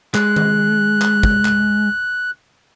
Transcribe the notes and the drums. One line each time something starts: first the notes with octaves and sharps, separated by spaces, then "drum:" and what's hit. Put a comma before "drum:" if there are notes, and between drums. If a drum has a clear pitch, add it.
G#3 F#6, drum: clap
drum: tom D#3
drum: clap
drum: kick
drum: clap